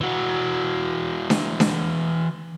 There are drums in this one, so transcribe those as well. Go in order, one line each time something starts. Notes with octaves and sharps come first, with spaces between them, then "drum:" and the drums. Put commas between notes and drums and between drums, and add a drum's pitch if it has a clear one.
E3 F#4
drum: snare D4
drum: snare D4